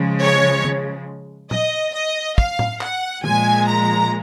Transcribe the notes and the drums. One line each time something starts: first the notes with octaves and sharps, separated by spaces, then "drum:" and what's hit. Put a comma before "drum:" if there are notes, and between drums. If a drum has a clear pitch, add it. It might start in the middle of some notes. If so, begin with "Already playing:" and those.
Already playing: C#3 F3 G#3
C#5
drum: tom
D#5, drum: tom A#2
D#5
F5, drum: kick
drum: tom A2
F#5, drum: clap
A#2 F3 G#3 G#5, drum: tom
A#5